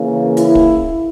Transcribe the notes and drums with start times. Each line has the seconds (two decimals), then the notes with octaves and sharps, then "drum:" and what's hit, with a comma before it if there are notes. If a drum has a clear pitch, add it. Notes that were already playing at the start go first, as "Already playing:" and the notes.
Already playing: C#3 E3 A#3
0.37 E4, drum: hi-hat
0.55 drum: kick